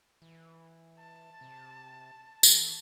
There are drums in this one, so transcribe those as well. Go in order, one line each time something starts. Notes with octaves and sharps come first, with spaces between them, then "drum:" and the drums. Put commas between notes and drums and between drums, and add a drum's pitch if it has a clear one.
E3
A5
C3
E3, drum: tambourine